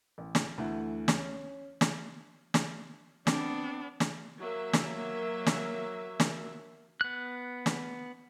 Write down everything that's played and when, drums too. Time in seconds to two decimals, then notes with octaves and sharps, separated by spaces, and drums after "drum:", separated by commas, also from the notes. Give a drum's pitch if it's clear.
0.18 A1
0.35 drum: snare
0.58 D2 E3 A3 F#5
1.08 C#4, drum: snare
1.81 drum: snare
2.54 drum: snare
3.27 B3 C4 D4, drum: snare
4.00 drum: snare
4.40 F#3 A#3 E5
4.74 drum: snare
5.47 drum: snare
6.20 drum: snare
7.01 B3 F#6
7.66 drum: snare